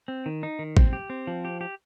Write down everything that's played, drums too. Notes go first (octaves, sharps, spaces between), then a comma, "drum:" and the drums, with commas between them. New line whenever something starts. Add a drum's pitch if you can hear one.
C4
D#3
D#4
D#3
C4, drum: kick
G4
C4
F3
G4
G4